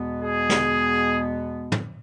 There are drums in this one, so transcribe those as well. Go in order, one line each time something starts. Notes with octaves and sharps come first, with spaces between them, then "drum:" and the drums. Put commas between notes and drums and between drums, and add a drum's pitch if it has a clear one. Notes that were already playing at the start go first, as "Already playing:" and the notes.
Already playing: E2 B2 G#3 B3
G#4
drum: snare
drum: tom